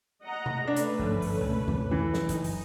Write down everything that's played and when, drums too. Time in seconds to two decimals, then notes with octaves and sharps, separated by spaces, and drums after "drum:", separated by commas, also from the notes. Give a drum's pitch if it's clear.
0.23 D#5 F#5 A#5
0.46 drum: tom C3
0.67 A3 C#4 D4 B4
0.76 drum: hi-hat
0.99 G1 G#2 F3
1.22 drum: open hi-hat
1.44 C#2 B2
1.68 drum: tom F2
1.91 E3
2.14 drum: snare
2.29 F#1 D#4, drum: hi-hat
2.44 drum: open hi-hat